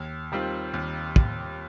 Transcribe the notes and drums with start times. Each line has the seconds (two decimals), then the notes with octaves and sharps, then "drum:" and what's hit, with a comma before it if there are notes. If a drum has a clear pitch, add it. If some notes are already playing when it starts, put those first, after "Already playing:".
Already playing: D#2
0.32 D#3 G3 C4 F4
0.74 D#2
1.16 drum: kick